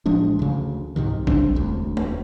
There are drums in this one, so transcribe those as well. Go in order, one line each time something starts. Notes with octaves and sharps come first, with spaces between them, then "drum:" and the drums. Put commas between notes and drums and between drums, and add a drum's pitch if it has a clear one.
A1 F3 G#3 D4
D2 C#3
C2 G#2 C3 D#3
C#3 G3 C4 D4, drum: kick A1
E1 D2
drum: tom